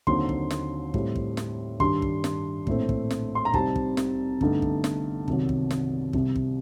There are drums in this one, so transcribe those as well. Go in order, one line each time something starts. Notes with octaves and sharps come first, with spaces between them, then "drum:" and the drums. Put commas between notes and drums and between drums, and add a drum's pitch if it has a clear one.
D#2 D3 F#3 C4 D#4 C6, drum: kick
drum: kick
drum: snare
A2 G3 C4, drum: kick
drum: kick
drum: snare
G2 D#3 G3 D4 C6, drum: kick
drum: kick
drum: snare
A#1 A2 A3 C4, drum: kick
drum: kick
drum: snare
C6
A#5
C2 C3 G3 C4 D#4 A5, drum: kick
drum: kick
drum: snare
G1 G2 D3 A3 D#4, drum: kick
drum: kick
drum: snare
C2 C3 D#3 F#3, drum: kick
drum: kick
drum: snare
C2 C3 G3, drum: kick
drum: kick